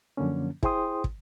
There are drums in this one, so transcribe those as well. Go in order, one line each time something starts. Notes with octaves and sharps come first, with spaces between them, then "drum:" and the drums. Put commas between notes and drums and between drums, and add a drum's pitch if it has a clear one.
F#2 D3 F3 F#3 A#3 C#4
E4 G#4 C5 G5 C6 D#6, drum: kick
drum: kick